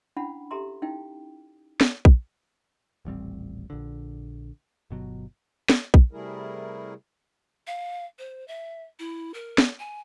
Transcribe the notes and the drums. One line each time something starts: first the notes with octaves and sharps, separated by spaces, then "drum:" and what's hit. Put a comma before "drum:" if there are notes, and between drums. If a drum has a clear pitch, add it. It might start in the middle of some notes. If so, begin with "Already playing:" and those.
C#4 D4 E4 F5 F#5 B5
G4 A4 E5 A#5 C6
C#4 D#4 E4 F5 G5
drum: snare
drum: kick A#1
D#1 A1 G3 C4
A#1 D3
G1 B2 F#3
drum: snare
drum: kick A#1
C3 G3 A3 E4 G#4 A#4
F5
C5
E5
E4
A#4
drum: snare
G#5